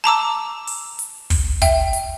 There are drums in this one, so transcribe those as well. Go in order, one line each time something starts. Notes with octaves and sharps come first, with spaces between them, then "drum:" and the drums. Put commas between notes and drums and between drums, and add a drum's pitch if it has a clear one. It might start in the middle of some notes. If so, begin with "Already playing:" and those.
A5 A#5 D6 E6
drum: open hi-hat
drum: hi-hat
drum: kick, open hi-hat
E5 G5, drum: kick, hi-hat
drum: hi-hat